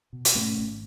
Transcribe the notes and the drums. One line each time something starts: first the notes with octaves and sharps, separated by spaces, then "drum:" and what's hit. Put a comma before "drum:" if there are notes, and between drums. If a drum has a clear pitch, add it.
B2
drum: hi-hat
G#2 A3 C#4
G#1